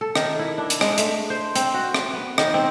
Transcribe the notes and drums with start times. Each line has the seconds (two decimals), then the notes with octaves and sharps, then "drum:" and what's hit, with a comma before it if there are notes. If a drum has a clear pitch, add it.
0.01 A4
0.15 D#3, drum: rim click
0.39 E4
0.58 D4
0.70 drum: hi-hat
0.81 G#3, drum: rim click
0.98 A3, drum: hi-hat
1.30 C5
1.55 C4, drum: hi-hat
1.74 F#4
1.94 drum: rim click
2.13 B3
2.38 D#3, drum: rim click
2.54 C4